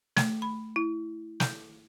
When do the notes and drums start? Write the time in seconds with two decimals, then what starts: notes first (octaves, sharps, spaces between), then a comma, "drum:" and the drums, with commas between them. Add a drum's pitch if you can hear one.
0.17 A3, drum: snare
0.42 B5
0.76 E4
1.40 G6, drum: snare